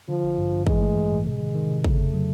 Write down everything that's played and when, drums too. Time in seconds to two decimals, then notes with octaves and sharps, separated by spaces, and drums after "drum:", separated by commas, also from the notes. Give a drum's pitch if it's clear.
0.09 D3 F3
0.23 A1
0.38 G2
0.53 G2
0.67 E3 G#3, drum: kick
0.82 A3
0.96 A1
1.12 A2
1.26 C3 G#3
1.40 D#3
1.55 D#3
1.69 C3
1.84 C#3 A3, drum: kick
1.98 F2
2.14 F#3